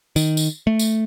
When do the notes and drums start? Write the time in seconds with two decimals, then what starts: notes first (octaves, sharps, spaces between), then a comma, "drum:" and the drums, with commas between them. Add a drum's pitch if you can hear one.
0.16 D#3, drum: tambourine
0.37 drum: tambourine
0.67 A3
0.79 drum: tambourine